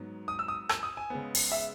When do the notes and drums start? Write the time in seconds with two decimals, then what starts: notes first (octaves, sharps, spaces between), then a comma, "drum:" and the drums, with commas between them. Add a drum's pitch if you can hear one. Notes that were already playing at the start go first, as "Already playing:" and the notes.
Already playing: G#2 F#3 B3
0.28 D#6
0.39 E6
0.48 D#6
0.69 E6, drum: rim click
0.83 D#6
0.97 G#5
1.10 C#3 G#3 B3
1.35 drum: open hi-hat
1.52 E5